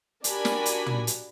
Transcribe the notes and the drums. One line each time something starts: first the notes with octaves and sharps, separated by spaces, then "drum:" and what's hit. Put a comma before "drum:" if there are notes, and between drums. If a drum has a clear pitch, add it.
D4 F#4 G4 A#4 G#5 B5, drum: hi-hat
drum: snare
drum: hi-hat
drum: tom
drum: hi-hat